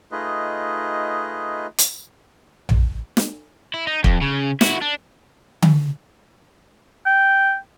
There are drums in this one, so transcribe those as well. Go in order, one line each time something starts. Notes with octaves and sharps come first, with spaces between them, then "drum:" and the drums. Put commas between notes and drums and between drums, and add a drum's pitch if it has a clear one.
A3 D#4 F4 G#4 B4 D#5
drum: hi-hat
drum: tom A#1
drum: snare
E4
D#4
F2, drum: kick
C#3
E4 F#4, drum: snare
D4
drum: tom D3
G5